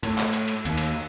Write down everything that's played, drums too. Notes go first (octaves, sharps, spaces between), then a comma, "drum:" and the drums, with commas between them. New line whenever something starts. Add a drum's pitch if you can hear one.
A2, drum: cymbal
drum: clap
drum: cymbal
drum: cymbal
D#2, drum: cymbal
drum: cymbal